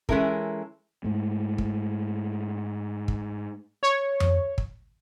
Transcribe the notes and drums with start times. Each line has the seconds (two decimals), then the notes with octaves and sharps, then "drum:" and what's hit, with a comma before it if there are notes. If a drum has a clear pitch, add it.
0.09 E3 G#3 C#4 E4 A4 A#4, drum: kick
1.04 G#2 A3
1.58 drum: kick
3.08 drum: kick
3.83 C#5
4.20 drum: tom F2
4.58 drum: kick